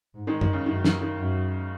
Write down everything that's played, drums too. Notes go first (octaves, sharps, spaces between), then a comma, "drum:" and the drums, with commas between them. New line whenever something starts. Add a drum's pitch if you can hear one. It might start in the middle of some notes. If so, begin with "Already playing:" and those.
G#2
D#3 G#3
D#3, drum: tom
C#3
F#2 D#3
D#3, drum: snare
D#3
F#2